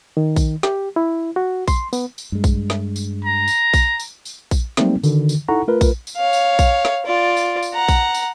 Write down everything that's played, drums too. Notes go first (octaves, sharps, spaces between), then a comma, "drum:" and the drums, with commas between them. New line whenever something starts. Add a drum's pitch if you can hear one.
D#3
drum: kick A#1, tambourine
G4, drum: snare
E4
F#4
C6, drum: kick A#1, tambourine
B3, drum: tambourine
drum: tambourine
G2 G#3
drum: kick A#1, tambourine
drum: snare
drum: tambourine
A#5
drum: tambourine
drum: kick A#1, tambourine
drum: tambourine
drum: tambourine
drum: kick A#1, tambourine
F#3 G3 A3 A#3 C4 D#4, drum: snare
D3 D#3 F#4, drum: tambourine
drum: tambourine
D#4 E4 A4 F#5 A#5 C#6
A3 F4 A#4 B4
drum: kick A#1, tambourine
drum: tambourine
C#5 F5
drum: tambourine
drum: kick A#1, tambourine
drum: snare
F4 D5
drum: tambourine
drum: tambourine
F#5 A#5
drum: kick A#1, tambourine
drum: tambourine